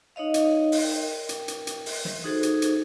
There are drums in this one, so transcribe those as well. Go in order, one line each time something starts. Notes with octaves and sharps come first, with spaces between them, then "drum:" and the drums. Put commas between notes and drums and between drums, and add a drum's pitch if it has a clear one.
D#4 C#5 D#5 F5
drum: hi-hat
drum: open hi-hat
A#4 G5
drum: hi-hat
drum: hi-hat
drum: hi-hat
drum: open hi-hat
drum: snare
D#4 F#4 G#4 A4 C5
drum: hi-hat
drum: hi-hat